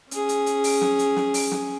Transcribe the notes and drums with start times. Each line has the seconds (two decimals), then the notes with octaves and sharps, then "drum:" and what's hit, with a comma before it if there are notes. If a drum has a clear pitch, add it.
0.11 C#4 G#4, drum: hi-hat
0.29 drum: hi-hat
0.46 drum: hi-hat
0.64 drum: open hi-hat
0.81 drum: snare
0.99 drum: hi-hat
1.16 drum: snare
1.34 drum: open hi-hat
1.51 drum: snare